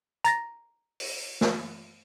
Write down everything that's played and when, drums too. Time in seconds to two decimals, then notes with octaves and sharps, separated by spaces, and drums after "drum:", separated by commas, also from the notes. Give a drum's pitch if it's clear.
0.24 A#5 A6 A#6, drum: hi-hat
1.00 drum: open hi-hat
1.41 drum: snare